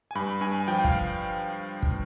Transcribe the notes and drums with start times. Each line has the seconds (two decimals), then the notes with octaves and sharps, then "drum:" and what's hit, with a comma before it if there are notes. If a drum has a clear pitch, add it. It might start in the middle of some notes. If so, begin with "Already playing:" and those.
0.11 G#5
0.15 G2 B5
0.41 G2 G#5
0.60 G#5
0.68 F3 G5
0.79 G5
0.84 F5, drum: kick
1.82 drum: kick